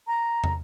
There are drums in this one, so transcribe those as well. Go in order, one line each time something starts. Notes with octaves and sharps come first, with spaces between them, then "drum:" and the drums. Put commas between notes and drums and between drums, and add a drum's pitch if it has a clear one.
A#5
drum: tom